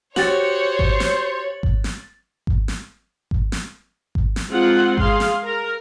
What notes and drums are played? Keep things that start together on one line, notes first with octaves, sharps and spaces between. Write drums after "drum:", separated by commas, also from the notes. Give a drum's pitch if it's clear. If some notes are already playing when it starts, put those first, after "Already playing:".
F#4 G4 C5 C#5 A6 F#7, drum: snare
drum: kick G#1
drum: snare
drum: kick G#1
drum: snare
drum: kick G#1
drum: snare
drum: kick G#1
drum: snare
drum: kick G#1
drum: snare
G#3 C4 F4 F#5
G#4 F5 C6, drum: kick G#1
drum: snare
A#4